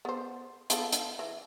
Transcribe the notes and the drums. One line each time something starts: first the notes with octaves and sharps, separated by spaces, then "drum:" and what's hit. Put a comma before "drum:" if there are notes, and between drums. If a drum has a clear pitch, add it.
B3 C5
B3 F4 A4, drum: hi-hat
drum: hi-hat
E3